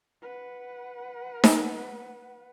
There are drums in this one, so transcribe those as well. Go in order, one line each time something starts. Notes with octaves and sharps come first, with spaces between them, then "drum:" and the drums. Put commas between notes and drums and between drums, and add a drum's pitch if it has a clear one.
B4 F#5
drum: snare D#4